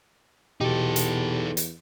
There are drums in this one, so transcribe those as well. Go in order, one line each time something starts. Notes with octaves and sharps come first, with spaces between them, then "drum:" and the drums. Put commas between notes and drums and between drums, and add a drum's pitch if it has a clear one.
E2 B2 D#4 G4 A4
drum: hi-hat
drum: hi-hat